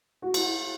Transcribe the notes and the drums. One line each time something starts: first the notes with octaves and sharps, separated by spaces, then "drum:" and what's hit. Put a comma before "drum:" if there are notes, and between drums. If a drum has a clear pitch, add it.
F#4
E4, drum: cymbal